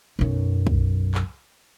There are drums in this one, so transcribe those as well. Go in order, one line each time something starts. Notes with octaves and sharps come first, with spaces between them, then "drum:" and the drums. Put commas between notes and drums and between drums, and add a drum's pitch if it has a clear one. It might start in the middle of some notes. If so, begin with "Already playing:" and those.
B1 F#2
drum: kick
drum: clap